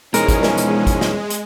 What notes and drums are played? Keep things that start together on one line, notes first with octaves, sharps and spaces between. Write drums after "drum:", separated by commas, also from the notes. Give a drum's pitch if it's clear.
E2 B2 F3 G#3 C#4 D#4 A#4, drum: hi-hat
drum: kick, hi-hat
drum: snare
drum: hi-hat
drum: kick, hi-hat
drum: snare
drum: hi-hat